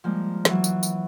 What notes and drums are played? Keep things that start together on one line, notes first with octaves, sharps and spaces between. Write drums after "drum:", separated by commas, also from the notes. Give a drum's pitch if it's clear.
F3 G3 G#3 A#3
E3 F#3, drum: snare
drum: tambourine
drum: tambourine